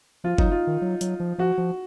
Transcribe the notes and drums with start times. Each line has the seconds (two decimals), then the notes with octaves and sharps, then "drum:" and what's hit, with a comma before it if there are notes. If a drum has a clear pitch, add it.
0.24 F3 F4
0.38 F#3 D#4, drum: kick F#1
0.52 F4
0.67 D#3
0.82 F#3
1.01 F#3, drum: hi-hat
1.20 F3
1.38 F3 F#4
1.58 F3